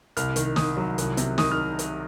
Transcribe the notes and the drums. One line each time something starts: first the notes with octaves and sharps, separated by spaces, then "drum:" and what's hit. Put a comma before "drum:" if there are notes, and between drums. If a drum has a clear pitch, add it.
C2 F6, drum: hi-hat
D#3, drum: hi-hat
D#3 D#6, drum: snare
F#3
C2, drum: hi-hat
C3, drum: hi-hat
D#3 D#6, drum: snare
F6
drum: hi-hat